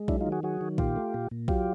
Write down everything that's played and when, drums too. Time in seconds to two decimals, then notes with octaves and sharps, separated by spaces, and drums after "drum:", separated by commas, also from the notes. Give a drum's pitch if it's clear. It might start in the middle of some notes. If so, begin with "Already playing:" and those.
Already playing: G#3
0.08 F#3 D4 E4, drum: kick B1
0.21 D#4 F4
0.26 D#3
0.32 F#4 G#4
0.43 F#3 F#4 G#4
0.61 D#3
0.78 A#2 F4 G4, drum: kick B1
0.96 A3
1.14 A#2
1.31 A#2
1.48 F#3 F4 G4, drum: kick B1